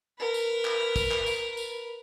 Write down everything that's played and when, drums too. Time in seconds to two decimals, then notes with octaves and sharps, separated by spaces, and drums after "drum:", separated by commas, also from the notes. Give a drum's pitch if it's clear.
0.19 A#4 B4
0.34 drum: tambourine
0.65 drum: clap
0.96 drum: kick, tambourine
1.11 drum: clap
1.26 drum: tambourine
1.57 drum: tambourine